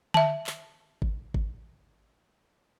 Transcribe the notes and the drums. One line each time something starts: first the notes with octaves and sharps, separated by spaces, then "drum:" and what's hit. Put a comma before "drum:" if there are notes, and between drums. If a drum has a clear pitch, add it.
E5 A5, drum: tom D3
drum: clap
drum: kick G#1
drum: kick G#1